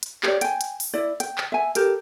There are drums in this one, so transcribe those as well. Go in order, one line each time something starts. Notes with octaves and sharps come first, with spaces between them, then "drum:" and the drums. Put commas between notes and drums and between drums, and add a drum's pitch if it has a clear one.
drum: hi-hat
G4 C#5 D5, drum: clap
G5 G#5, drum: hi-hat
drum: hi-hat
drum: open hi-hat
E4 D5
G5, drum: hi-hat
drum: clap
E5 G#5
G4 A4 A#4, drum: hi-hat